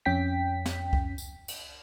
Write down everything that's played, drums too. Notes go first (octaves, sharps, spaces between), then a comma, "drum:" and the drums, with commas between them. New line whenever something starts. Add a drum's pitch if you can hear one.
F2 C#4 G5 B6
drum: snare
drum: kick C2
drum: tambourine
drum: cymbal